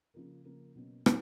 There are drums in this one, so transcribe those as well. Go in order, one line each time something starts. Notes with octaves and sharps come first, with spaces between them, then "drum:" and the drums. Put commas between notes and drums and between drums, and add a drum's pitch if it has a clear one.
C#3 F3 A#3
C#3 F3 A#3
B2 F#3 A#3 C#4
drum: rim click